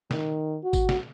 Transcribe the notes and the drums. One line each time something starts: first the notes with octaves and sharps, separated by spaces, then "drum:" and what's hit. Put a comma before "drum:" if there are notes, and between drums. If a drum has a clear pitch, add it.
D#3, drum: snare
F#4
drum: kick G#1, tambourine
drum: snare